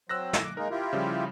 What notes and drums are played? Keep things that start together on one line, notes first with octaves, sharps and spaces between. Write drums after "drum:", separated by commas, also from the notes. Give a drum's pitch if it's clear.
F#3 C4 E6 F#6 A#6
drum: snare
D6
G#3 A#3 D#4 A#4
E4 F4 G4
C#3 F3 G3